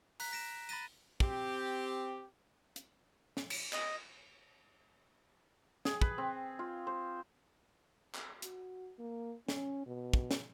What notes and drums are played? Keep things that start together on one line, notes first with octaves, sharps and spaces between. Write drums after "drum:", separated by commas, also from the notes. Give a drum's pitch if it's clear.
A#5 F#6 B6, drum: open hi-hat
A#6 D7 E7
B5 A6 A#6 D#7, drum: tambourine
C4 G4, drum: kick
drum: hi-hat
drum: snare
drum: cymbal
D#5, drum: clap
G#4, drum: snare
B4, drum: kick
C4
F4
C5
drum: clap
F#4, drum: hi-hat
A#3
C#4, drum: snare
B2
drum: kick
drum: snare